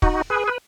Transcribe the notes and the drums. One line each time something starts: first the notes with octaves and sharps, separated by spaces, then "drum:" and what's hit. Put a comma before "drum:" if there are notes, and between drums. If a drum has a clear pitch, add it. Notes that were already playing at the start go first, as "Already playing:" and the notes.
D#4 F#4, drum: kick
G#4 B4
B4